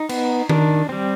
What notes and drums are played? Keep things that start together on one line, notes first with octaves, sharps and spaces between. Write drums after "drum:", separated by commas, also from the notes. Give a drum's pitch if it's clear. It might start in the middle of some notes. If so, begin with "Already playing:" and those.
Already playing: D#4
B3, drum: cymbal
D#3 D4, drum: tom D#3
G3 C4